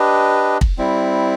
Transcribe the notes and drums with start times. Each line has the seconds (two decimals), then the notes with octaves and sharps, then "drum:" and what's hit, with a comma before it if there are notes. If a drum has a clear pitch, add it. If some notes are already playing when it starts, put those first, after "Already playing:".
Already playing: D4 G4 B4 D#5
0.61 drum: kick
0.78 G3 C4 E4